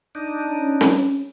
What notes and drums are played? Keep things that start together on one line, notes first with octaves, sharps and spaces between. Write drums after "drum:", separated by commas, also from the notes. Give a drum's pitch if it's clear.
D4 D#4
C#4
drum: snare C4